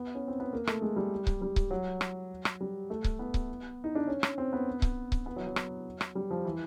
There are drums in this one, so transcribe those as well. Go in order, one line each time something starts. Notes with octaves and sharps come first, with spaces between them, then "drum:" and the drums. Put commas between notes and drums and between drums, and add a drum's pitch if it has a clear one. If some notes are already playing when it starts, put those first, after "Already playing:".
Already playing: B3
C#4
C4
B3
A#3
A3, drum: rim click
G#3
G3
drum: kick C#1
G3
drum: kick C#1
F#3
drum: rim click
drum: rim click
G3
A3
drum: kick C#1
B3
drum: kick C#1
D#4
D4
C#4
drum: rim click
C4
B3
drum: kick C#1
drum: kick C#1
B3
F#3
F#3
drum: rim click
drum: rim click
G3
F3
E3